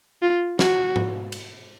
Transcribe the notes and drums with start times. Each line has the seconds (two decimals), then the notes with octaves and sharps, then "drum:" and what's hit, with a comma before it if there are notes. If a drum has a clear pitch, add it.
0.22 F4
0.59 F#4, drum: snare
0.96 drum: tom G#2
1.32 drum: cymbal